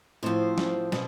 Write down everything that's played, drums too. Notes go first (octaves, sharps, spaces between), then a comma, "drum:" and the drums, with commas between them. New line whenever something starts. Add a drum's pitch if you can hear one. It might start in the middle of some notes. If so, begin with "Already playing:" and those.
A2 F3 C4 C5
drum: snare
B2, drum: snare